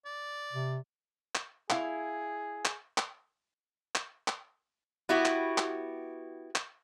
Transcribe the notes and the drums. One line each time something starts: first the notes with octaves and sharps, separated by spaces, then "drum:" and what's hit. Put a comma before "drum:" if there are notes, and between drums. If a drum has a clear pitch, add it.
D5
C3
drum: clap
E4 G#4 F5, drum: clap
drum: clap
drum: clap
drum: clap
drum: clap
B3 E4 F#4 G4
drum: clap
drum: clap
drum: clap